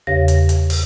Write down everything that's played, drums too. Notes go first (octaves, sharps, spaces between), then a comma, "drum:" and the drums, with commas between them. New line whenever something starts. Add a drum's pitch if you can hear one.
E2 C#3 G4 C#5 F5 A#6
drum: hi-hat
drum: hi-hat
drum: open hi-hat